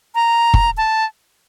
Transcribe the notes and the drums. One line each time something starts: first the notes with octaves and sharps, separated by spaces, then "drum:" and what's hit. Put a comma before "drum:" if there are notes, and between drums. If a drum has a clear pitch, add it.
A#5
drum: kick
A5